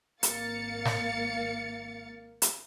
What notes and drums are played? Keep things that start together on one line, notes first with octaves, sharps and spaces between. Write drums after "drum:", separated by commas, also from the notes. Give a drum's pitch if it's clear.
G#1 A#3 F5 A6 C#7, drum: hi-hat
drum: snare
drum: hi-hat